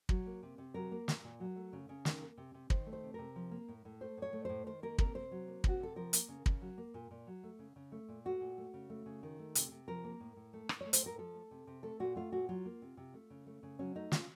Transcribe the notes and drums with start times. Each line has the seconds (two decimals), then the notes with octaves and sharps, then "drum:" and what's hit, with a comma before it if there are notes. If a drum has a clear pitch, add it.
0.09 F#3, drum: kick
0.26 A#3
0.43 C3
0.58 C3
0.74 F#3 A#4
0.92 A#3
1.08 A#2, drum: snare
1.24 A#2
1.40 F#3
1.56 A3
1.73 C#3
1.89 C#3
2.05 D#3, drum: snare
2.22 A#3
2.37 C3
2.54 C3
2.70 D#3 C5, drum: kick
2.86 A3
2.93 C5
3.03 C3
3.14 C3 A#4
3.36 F3
3.51 A#3
3.68 A2
3.85 A2
4.01 A3 C5
4.17 A2 C#5
4.33 A3
4.45 A2 C5
4.66 D#3 C5
4.83 A#3 A#4
4.98 C3 A#4, drum: kick
5.15 C3 C5
5.31 F#3
5.48 A#3
5.64 C3 F#4, drum: kick
5.80 C3 A4
5.96 F3 A#4
6.13 A#3, drum: hi-hat
6.29 C#3
6.46 C#3, drum: kick
6.61 F#3
6.78 A#3
6.94 A#2
7.11 A#2
7.27 F#3
7.44 A3
7.59 C#3
7.76 C#3
7.92 A3
8.09 A#2
8.25 A3 F#4
8.41 A#2
8.58 A3
8.74 C#3
8.90 A3
9.06 C#3
9.23 D#3
9.39 A3
9.55 C3, drum: hi-hat
9.71 C3
9.88 F3 A#4
10.04 A#3
10.20 A2
10.36 A2
10.53 A3
10.69 A2, drum: rim click
10.81 C#5
10.86 A3
10.93 C5, drum: hi-hat
11.02 A2 A#4
11.18 F3 A4
11.34 A3
11.51 C3
11.67 C3
11.83 A3 A4
12.00 A#2 F#4
12.16 A3 F4
12.32 A#2 F#4
12.49 F#3 F4
12.65 A#3
12.82 C3
12.97 C3
13.14 A3
13.30 C#3
13.46 A3
13.63 C#3
13.79 F#3 C#4
13.95 A3 D#4
14.12 C#3 F4, drum: snare